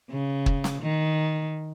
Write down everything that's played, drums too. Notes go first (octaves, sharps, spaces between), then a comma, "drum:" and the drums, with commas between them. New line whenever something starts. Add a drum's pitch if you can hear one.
C#3
drum: kick
drum: snare
D#3